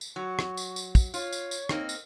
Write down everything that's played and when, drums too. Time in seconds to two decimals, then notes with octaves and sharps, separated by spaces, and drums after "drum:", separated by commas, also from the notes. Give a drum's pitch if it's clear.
0.01 drum: tambourine
0.16 F#3 C#6
0.39 drum: rim click
0.57 drum: tambourine
0.76 drum: tambourine
0.95 drum: kick, tambourine
1.14 F4 C#5, drum: tambourine
1.32 drum: tambourine
1.51 drum: tambourine
1.69 A#3 C4 D#4, drum: rim click
1.89 drum: tambourine